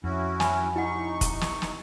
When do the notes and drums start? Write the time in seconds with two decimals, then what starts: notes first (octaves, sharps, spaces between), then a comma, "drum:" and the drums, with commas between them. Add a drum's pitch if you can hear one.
0.04 F2 C#4 E4 F#4
0.40 G#5 B5, drum: snare
0.76 C3 D#4 E4 F#5 C#6
1.21 drum: kick, hi-hat
1.41 drum: snare
1.62 drum: snare